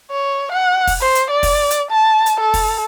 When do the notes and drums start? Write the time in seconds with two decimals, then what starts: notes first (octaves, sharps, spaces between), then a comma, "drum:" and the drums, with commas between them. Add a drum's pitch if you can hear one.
0.11 C#5
0.52 F#5
0.87 drum: kick, open hi-hat
1.01 C5
1.15 drum: hi-hat
1.31 D5
1.43 drum: kick, open hi-hat
1.71 drum: hi-hat
1.91 A5
2.26 drum: hi-hat
2.41 A4
2.54 drum: kick, open hi-hat